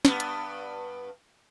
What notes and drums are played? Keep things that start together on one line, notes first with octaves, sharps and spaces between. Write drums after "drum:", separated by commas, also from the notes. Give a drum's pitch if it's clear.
G2 B3, drum: snare
drum: hi-hat